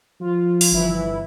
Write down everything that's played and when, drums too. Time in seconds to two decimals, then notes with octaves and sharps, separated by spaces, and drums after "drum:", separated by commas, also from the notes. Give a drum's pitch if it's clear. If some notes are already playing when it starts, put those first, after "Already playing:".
0.21 F3 F4
0.61 drum: open hi-hat
0.71 G1 E3 E4